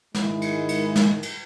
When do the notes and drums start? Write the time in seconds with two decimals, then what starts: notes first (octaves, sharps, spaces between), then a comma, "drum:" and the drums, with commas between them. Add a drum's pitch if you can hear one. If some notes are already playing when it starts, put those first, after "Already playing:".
0.15 G#2 D#3 G#3 E4, drum: snare
0.42 drum: cymbal
0.69 drum: cymbal
0.96 drum: snare
1.23 drum: cymbal